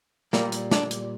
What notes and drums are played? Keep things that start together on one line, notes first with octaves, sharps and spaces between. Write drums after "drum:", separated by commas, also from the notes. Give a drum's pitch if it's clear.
A#2 G3 A#3, drum: snare
drum: hi-hat
D4, drum: snare
drum: hi-hat